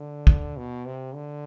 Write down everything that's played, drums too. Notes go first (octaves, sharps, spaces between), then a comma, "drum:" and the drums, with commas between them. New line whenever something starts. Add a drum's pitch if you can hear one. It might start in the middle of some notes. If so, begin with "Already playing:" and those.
Already playing: D3
drum: kick
B2
C3
D3